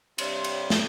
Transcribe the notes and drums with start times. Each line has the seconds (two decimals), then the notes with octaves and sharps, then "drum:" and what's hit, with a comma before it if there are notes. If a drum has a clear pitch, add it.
0.18 G2 C3 G3 C#5 C6, drum: cymbal
0.44 drum: cymbal
0.70 drum: snare